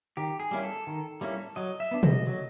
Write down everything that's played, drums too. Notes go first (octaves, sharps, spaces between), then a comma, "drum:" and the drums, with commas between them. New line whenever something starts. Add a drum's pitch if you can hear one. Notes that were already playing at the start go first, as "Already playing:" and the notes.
D#3 G4
G#4
G3 A#3 C#4 E4
A4
D#3
G3 A#3 C#4 E4
F#3 D#5
E5
B3 D4
D#5, drum: tom B2
F#3